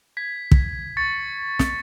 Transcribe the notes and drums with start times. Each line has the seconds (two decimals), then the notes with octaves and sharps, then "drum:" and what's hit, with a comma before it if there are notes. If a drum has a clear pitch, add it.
0.17 G#6 B6
0.51 drum: kick
0.97 C#6 A6 C#7
1.59 drum: snare